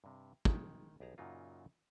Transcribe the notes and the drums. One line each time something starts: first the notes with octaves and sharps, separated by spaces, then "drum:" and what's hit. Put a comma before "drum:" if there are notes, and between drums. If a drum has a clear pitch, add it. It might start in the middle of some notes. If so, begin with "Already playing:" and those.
G2 C3
D#3 G#3, drum: kick
B1 G4 G#4 A5 A#5
F#2 A#2 C#3 F#3 D#4 F4